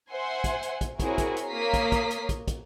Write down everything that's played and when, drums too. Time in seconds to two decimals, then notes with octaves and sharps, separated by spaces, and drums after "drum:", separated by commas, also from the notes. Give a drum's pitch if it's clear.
0.12 C5 E5 F#5 G#5 C6
0.44 drum: kick, hi-hat
0.63 drum: hi-hat
0.81 drum: kick, hi-hat
1.00 C4 E4 F#4 G#4 A#4 C#5, drum: kick, hi-hat
1.18 drum: kick, hi-hat
1.37 drum: hi-hat
1.48 A#3 C#5 A#5 D#6 B6 C7
1.74 drum: kick, hi-hat
1.92 drum: kick, hi-hat
2.11 drum: hi-hat
2.29 drum: kick, hi-hat
2.48 drum: kick, hi-hat